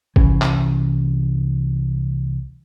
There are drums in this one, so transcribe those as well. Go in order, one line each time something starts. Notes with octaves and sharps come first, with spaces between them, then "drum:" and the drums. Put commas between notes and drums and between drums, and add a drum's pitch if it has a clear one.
C2 E3 C#4, drum: kick G#1
drum: clap